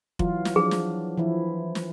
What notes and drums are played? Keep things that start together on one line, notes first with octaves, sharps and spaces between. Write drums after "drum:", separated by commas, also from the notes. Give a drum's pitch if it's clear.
E3 F#3 F4, drum: kick F1
drum: snare
F3 F#3 D4 G#4
drum: snare
E3 F3 E4
drum: snare